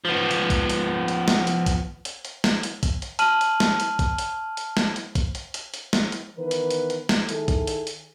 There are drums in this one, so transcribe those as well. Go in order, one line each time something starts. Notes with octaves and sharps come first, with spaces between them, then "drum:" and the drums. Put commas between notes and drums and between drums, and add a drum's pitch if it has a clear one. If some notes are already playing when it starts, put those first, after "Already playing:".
F3 B3
drum: hi-hat
drum: kick A#1, hi-hat
drum: hi-hat
drum: hi-hat
drum: snare
drum: hi-hat
drum: kick A#1, hi-hat
drum: hi-hat
drum: hi-hat
drum: snare
drum: hi-hat
drum: kick A#1, hi-hat
drum: hi-hat
A5 F6 D#7 F#7, drum: hi-hat
drum: hi-hat
drum: snare
drum: hi-hat
drum: kick A#1, hi-hat
drum: hi-hat
drum: hi-hat
drum: snare
drum: hi-hat
drum: kick A#1, hi-hat
drum: hi-hat
drum: hi-hat
drum: hi-hat
drum: snare
drum: hi-hat
D#3 E3 B3 A#4 B4
drum: hi-hat
drum: hi-hat
drum: hi-hat
drum: snare
D#3 E4 G#4 A4, drum: hi-hat
drum: kick A#1, hi-hat
drum: hi-hat
drum: hi-hat